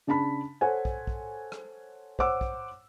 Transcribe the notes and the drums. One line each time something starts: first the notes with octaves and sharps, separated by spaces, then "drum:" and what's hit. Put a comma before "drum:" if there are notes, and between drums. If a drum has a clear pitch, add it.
C#3 D4 A5 B5 B6
A4 C5 C#5 F#5 G#5
drum: kick
drum: kick
drum: rim click
C5 C#5 F#5 D6 E6, drum: kick
drum: kick